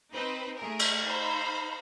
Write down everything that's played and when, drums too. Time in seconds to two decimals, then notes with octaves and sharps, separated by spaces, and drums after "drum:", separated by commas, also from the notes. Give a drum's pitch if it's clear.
0.13 C4 D#4 B4 C5
0.57 A3 G#4 A#4
0.79 drum: cymbal
1.03 D#4 C5 F5 A#5 B5